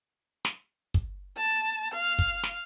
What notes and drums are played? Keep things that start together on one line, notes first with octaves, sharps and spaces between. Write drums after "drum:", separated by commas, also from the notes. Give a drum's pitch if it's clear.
drum: snare
drum: kick
A5
F5
drum: kick
drum: snare